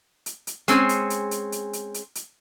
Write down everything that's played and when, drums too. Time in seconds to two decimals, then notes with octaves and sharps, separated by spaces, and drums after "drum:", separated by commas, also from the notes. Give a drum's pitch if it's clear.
0.26 drum: hi-hat
0.47 drum: hi-hat
0.68 G#3 C4 C#4 G#4, drum: hi-hat
0.89 drum: hi-hat
1.10 drum: hi-hat
1.31 drum: hi-hat
1.52 drum: hi-hat
1.73 drum: hi-hat
1.94 drum: hi-hat
2.15 drum: hi-hat